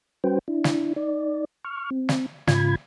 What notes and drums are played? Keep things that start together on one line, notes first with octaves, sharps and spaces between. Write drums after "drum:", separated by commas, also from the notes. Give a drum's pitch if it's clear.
G3 C#4 F#4 B4 C5 G5
D4 E4
drum: snare
D#4 D5
C#6 F6
C4
drum: snare
G#2 C#3 F4 B5 G#6, drum: snare